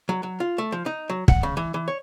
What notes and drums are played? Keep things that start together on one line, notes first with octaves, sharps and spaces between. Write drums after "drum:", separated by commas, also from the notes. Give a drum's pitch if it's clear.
F#3
F#3
F4
A3
F3
D#4
F#3
F#5, drum: kick
C#3
E3
E3
C#5